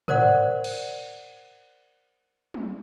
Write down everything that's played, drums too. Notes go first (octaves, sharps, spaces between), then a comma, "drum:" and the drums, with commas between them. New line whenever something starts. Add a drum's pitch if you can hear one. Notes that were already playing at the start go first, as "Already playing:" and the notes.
A#4 C5 D5 F#5, drum: tom
drum: cymbal
drum: tom